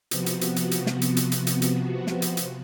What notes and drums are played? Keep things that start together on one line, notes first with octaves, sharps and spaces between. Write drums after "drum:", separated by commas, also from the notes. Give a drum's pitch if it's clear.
C3 F3 B3 F#4, drum: hi-hat
drum: hi-hat
drum: hi-hat
drum: hi-hat
drum: hi-hat
drum: snare
drum: hi-hat
drum: hi-hat
drum: hi-hat
drum: hi-hat
drum: hi-hat
drum: snare
drum: hi-hat
drum: hi-hat